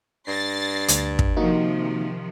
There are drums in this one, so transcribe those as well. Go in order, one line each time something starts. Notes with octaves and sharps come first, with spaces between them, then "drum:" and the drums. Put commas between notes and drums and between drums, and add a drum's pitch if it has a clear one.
G2 A6 A#6 C7
D2, drum: hi-hat
drum: kick
C3 D#3 F3 A#3 D#4 F#4